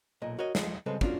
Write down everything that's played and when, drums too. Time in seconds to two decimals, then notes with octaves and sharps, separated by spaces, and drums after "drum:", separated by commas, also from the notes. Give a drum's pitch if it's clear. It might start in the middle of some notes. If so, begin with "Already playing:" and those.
0.22 B1 A#2 D#5
0.39 F#4 A#4 C#5 D#5
0.55 F3 G#3 G#4, drum: snare
0.86 C#3 G3 G#3 C4 A4 B4
1.01 B3 C#4 D4 F4 F#4, drum: kick